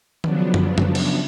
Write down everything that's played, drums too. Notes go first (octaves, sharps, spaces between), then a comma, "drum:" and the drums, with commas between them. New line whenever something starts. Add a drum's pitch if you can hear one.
C#3 F3 F#3 B3 D4, drum: tom D#3
drum: tom F#2
drum: tom F#2
drum: cymbal